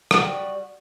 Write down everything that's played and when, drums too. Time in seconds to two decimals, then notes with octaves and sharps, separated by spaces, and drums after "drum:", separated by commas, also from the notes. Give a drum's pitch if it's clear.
0.11 G3 F#4, drum: rim click